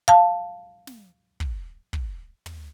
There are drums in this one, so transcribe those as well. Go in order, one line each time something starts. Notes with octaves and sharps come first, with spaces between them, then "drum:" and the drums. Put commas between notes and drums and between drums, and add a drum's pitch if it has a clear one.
F5 A5
drum: snare
drum: kick
drum: kick
drum: tom